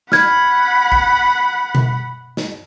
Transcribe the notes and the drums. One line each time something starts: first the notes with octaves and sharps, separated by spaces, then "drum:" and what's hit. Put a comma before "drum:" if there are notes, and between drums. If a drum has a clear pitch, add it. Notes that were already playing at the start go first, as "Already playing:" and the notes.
F#5 B5 F6 G#6, drum: snare
drum: kick A#1
drum: tom B2
drum: snare